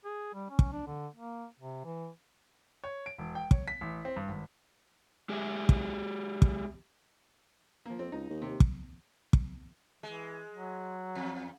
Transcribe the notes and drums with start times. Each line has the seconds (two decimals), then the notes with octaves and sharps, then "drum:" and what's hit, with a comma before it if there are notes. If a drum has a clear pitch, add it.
0.04 G#4
0.34 G3
0.49 C#4
0.59 drum: kick
0.72 D4
0.86 D3
1.15 A#3
1.59 C3
1.84 E3
2.84 C#5
3.06 D7
3.18 E1
3.35 G5
3.51 C#5, drum: kick
3.68 B6
3.81 A1
4.05 C4
4.16 G2
4.28 G#1
5.29 G#3 G4 G#4 E5
5.69 drum: kick
6.42 drum: kick
7.86 F3 A#3
7.99 F2 C4
8.12 C#2 D#4
8.30 D#2
8.42 C3
8.60 drum: kick
9.33 drum: kick
10.03 E3 G#3
10.50 F#3
11.15 E2